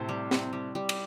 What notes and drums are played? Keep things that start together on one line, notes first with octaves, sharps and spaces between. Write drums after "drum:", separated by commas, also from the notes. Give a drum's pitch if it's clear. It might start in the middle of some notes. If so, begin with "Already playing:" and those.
Already playing: A2 C3 C4 E4
G3
C4, drum: snare
G3
G3
drum: cymbal